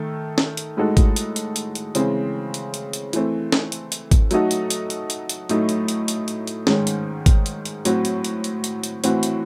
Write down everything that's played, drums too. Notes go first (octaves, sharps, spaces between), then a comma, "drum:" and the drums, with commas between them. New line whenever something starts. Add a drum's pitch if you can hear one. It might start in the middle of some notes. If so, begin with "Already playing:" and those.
Already playing: D#3 A3 A4
drum: snare
drum: hi-hat
A2 G#3 D#4 F#4 A4
drum: kick G#1, hi-hat
drum: hi-hat
drum: hi-hat
drum: hi-hat
drum: hi-hat
C#3 E3 G#3 C4, drum: hi-hat
drum: hi-hat
drum: hi-hat
drum: hi-hat
E3 A3 C4, drum: hi-hat
drum: snare
drum: hi-hat
drum: hi-hat
drum: kick G#1, hi-hat
F#3 A3 D#4 F#4 A4, drum: hi-hat
drum: hi-hat
drum: hi-hat
drum: hi-hat
drum: hi-hat
drum: hi-hat
A2 F#3 A3 D#4, drum: hi-hat
drum: hi-hat
drum: hi-hat
drum: hi-hat
drum: hi-hat
drum: hi-hat
G#2 D#3 G#3 C#4, drum: snare
drum: hi-hat
drum: kick G#1, hi-hat
drum: hi-hat
drum: hi-hat
A2 F#3 C4 F#4, drum: hi-hat
drum: hi-hat
drum: hi-hat
drum: hi-hat
drum: hi-hat
drum: hi-hat
A2 E3 C4 F#4, drum: hi-hat
drum: hi-hat